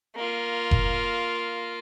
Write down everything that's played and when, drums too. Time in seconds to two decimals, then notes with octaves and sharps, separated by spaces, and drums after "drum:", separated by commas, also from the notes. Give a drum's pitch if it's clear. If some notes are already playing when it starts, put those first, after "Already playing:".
0.16 A#3 F4
0.71 drum: kick F1